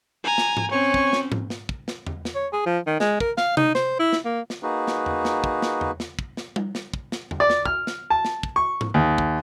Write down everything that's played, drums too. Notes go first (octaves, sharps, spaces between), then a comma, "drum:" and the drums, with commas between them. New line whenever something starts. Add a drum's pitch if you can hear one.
G#5 A#5
drum: snare
drum: tom G#2
C4 C#4 C#5 G#5 C#6
drum: kick
drum: snare
drum: tom G#2
drum: snare
drum: kick
drum: snare
drum: tom E2
drum: snare
C#5
G#4
F3
D#3
G#3, drum: snare
A#4, drum: kick
F5, drum: snare
D#4, drum: tom C3
C5, drum: snare
E4
drum: snare
A#3
drum: snare
A#3 D#4 F#4 G#4 B4
drum: snare
drum: tom E2
drum: snare
drum: kick
drum: snare
drum: tom E2
drum: snare
drum: kick
drum: snare
drum: tom G3
drum: snare
drum: kick
drum: snare
drum: tom E2
D5
drum: snare
F6, drum: kick
drum: snare
A5
drum: snare
drum: kick
C#6
drum: tom G#2
D#2
drum: kick